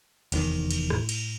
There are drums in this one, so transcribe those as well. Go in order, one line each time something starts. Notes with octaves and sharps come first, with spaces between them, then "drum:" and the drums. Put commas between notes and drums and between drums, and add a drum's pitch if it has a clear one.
F1 E2 D#3, drum: cymbal
drum: cymbal
A2, drum: rim click
drum: cymbal